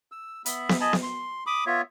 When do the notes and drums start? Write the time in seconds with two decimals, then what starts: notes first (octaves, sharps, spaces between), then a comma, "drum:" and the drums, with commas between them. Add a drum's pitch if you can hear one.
0.12 E6
0.46 B3 E5 B5, drum: hi-hat
0.69 drum: snare B3
0.81 D#5 G#5 A5 B5
0.93 drum: snare B3
1.03 C6
1.46 B5 D6 D#6
1.66 B3 F4 C#5 E5